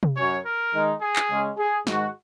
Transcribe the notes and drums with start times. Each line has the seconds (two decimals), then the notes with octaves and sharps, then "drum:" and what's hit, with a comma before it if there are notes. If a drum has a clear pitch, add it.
0.03 drum: tom C3
0.17 F#2 F#3 C#4 C#5
0.45 A#4
0.73 D#3 G#3 D#4
1.01 G#4
1.16 drum: clap
1.31 C#3 G#3 C#4
1.58 G#4
1.87 G#2 D#3 G#3 F#4, drum: snare